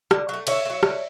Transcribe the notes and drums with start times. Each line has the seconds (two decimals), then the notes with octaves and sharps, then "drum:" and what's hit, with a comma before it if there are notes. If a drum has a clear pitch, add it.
0.11 D3, drum: rim click
0.29 F#3 A3
0.47 D3 C#5 E5, drum: cymbal
0.65 A3
0.70 F#3
0.83 D3, drum: rim click